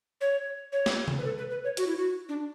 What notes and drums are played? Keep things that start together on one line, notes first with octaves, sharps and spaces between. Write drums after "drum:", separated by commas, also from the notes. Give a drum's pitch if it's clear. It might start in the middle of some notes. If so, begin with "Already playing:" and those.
C#5
C#5
drum: snare
drum: tom C3
B4
A4
B4
B4
C#5
F#4, drum: hi-hat
E4
F#4
D4